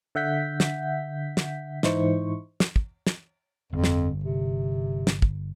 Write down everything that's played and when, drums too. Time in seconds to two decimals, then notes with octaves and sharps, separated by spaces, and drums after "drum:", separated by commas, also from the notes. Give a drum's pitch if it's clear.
0.15 D3 E5 F#5 G6 B6
0.60 drum: snare
1.37 drum: snare
1.83 G#2 E3 D#4 E4 C5 C#6, drum: snare
2.60 drum: snare
2.76 drum: kick
3.07 drum: snare
3.73 G1 F2
3.84 drum: snare
4.24 C3
5.07 drum: snare
5.22 drum: kick